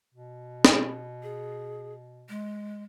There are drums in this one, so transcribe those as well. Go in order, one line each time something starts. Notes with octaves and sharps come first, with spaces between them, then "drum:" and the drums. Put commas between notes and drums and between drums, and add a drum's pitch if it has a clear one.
B2
drum: snare
G#4
G#3